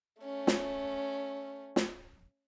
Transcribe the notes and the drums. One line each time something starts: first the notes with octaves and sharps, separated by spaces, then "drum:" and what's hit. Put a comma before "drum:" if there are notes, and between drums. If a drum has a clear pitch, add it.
A3 C#4
drum: snare
drum: snare